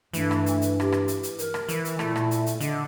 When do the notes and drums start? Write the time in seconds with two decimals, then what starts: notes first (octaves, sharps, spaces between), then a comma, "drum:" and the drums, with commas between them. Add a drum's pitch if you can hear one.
0.14 G2 E3 A3, drum: hi-hat
0.31 drum: rim click
0.46 drum: hi-hat
0.62 drum: hi-hat
0.80 G4, drum: rim click
0.92 drum: rim click
1.08 drum: hi-hat
1.23 drum: hi-hat
1.39 A#4, drum: hi-hat
1.54 drum: rim click
1.68 E3, drum: hi-hat
1.85 drum: hi-hat
1.99 A#2 A3 E4, drum: rim click
2.16 drum: rim click
2.31 drum: hi-hat
2.46 drum: hi-hat
2.60 D3 D#5, drum: hi-hat